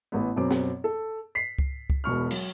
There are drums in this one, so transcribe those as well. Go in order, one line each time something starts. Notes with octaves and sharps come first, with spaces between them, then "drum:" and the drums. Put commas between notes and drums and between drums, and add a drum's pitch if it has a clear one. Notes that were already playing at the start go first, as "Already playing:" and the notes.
A1 B3
F#2 B2 C4 D6
drum: snare
A4
B6 C7
drum: kick C#2
drum: kick C#2
E1 B2 C#6 F6
F#3, drum: cymbal